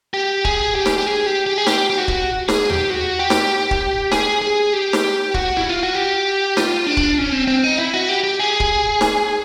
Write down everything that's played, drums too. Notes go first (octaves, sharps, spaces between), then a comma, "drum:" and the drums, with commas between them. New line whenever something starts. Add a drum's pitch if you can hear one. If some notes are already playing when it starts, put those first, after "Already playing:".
G4
G#4, drum: kick
G4
drum: snare
G4
G#4
G4
G4
G#4
G4, drum: snare
G4
F#4
drum: kick
G#4, drum: snare
G4, drum: tom D#2
F#4
G4
drum: snare
drum: kick
G#4, drum: snare
G#4
G4
drum: snare
F#4, drum: kick
E4
F4
F#4
G4
F4, drum: snare
D4
drum: kick
C#4
C4
C4
D#4
E4
F#4
G4
G4
G#4
drum: kick
drum: snare